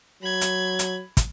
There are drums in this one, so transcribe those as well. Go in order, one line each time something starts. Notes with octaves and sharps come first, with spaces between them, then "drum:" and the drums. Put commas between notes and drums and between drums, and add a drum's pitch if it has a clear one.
F#3 B5 G#6
drum: hi-hat
drum: hi-hat
drum: kick, hi-hat